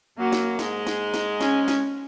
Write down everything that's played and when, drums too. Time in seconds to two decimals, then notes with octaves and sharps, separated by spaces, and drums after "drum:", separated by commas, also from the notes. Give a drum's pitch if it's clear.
0.18 F#2 F#3 A#3
0.32 drum: snare
0.59 G#2 G#3, drum: snare
0.87 drum: snare
1.14 drum: snare
1.41 C#4, drum: snare
1.68 drum: snare